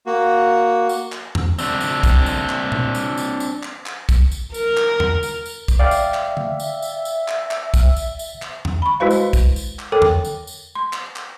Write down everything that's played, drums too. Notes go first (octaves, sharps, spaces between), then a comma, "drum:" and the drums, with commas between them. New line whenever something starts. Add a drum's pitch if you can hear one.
A#3 F#4
drum: tambourine
drum: clap
drum: tom E2
C4 D4, drum: tambourine
drum: tambourine
drum: kick, tambourine
drum: tambourine
drum: clap
drum: tom A#2
drum: tambourine
drum: tambourine
drum: tambourine
drum: clap
drum: clap
drum: kick, tambourine
drum: tambourine
A#4, drum: tambourine
drum: clap
drum: tom E2
drum: tambourine
drum: tambourine
drum: kick, tambourine
D5 E5 F5 G5
drum: tambourine
drum: clap
drum: tom D3
drum: tambourine
drum: tambourine
drum: tambourine
drum: clap
drum: clap
drum: kick, tambourine
drum: tambourine
drum: tambourine
drum: clap
drum: tom E2
B5 C#6
G#3 E4 F#4 B4 C5 F5
drum: tambourine
drum: kick, tambourine
drum: tambourine
drum: clap
A4 A#4 C#5 G5 D6
drum: tom E2
drum: tambourine
drum: tambourine
C6
drum: clap
drum: clap